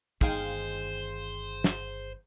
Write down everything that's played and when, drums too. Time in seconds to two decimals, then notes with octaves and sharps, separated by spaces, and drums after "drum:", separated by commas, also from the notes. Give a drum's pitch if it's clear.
0.21 G1 D#3 G#3 D#4 C5 F5 G5 G#5, drum: kick
1.64 drum: snare